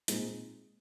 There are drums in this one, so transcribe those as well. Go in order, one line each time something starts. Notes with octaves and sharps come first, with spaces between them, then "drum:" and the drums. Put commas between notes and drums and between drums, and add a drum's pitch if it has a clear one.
A#2 G#3 C4 D#4, drum: hi-hat